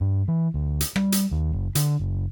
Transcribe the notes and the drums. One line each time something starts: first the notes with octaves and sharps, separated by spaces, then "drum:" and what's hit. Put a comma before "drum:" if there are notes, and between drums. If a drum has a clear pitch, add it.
G2
E3
D2
drum: hi-hat
G3, drum: rim click
drum: hi-hat
D#2
F#1
D3, drum: hi-hat
F#1